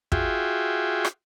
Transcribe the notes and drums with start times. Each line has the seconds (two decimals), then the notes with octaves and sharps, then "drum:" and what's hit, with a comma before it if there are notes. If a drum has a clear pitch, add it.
0.12 F4 F#4 G#4 E5 G5, drum: kick
1.05 drum: rim click